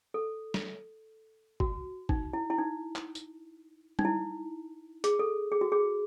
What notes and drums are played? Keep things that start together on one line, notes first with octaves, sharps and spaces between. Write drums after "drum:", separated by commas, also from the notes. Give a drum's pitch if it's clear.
A4
drum: snare
F#4, drum: kick
D#4, drum: kick
E4
E4
D#4
drum: clap
drum: tambourine
D#4, drum: tom G3
E4
G#4, drum: hi-hat
A4
G#4
F#4
G#4